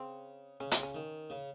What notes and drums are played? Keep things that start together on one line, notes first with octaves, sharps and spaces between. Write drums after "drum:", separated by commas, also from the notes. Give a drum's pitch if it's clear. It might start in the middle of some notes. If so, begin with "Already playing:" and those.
Already playing: C#3 C4
C#3 C#4
C4, drum: hi-hat
C#4
D#3
C#3